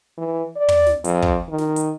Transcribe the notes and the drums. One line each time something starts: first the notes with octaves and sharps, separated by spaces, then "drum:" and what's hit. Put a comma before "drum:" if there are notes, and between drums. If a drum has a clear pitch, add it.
E3
D5
drum: tom
drum: snare
F2, drum: hi-hat
drum: kick
D#3
drum: snare
drum: hi-hat